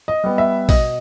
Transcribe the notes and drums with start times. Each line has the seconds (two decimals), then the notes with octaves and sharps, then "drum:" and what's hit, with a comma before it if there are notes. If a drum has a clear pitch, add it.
0.08 D#5
0.24 G3 B3
0.38 E5
0.69 B2 D#5, drum: kick A1, open hi-hat